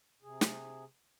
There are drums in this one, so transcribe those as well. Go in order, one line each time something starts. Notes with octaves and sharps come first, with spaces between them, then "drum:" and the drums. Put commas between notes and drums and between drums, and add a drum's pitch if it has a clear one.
C3 G#4
drum: snare